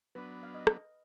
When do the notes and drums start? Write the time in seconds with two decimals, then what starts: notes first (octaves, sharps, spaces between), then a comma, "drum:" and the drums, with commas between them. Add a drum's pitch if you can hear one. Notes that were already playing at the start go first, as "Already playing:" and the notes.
0.15 F#3 B3 D4 B4
0.43 F5
0.54 D#5
0.67 drum: rim click